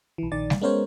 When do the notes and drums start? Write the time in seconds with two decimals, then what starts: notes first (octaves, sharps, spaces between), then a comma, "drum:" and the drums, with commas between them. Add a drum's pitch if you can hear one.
0.18 B1 E3
0.32 A#1 D#3 D5 A6
0.50 drum: snare G3
0.62 G#3 B3 C#4 A#4 C5 C#5